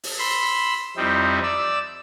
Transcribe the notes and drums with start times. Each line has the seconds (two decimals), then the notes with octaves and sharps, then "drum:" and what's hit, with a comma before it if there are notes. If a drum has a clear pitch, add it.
0.03 drum: open hi-hat
0.19 B5 C6 E6
0.97 F2 G3 C4 D#4 E4
1.43 D5 E6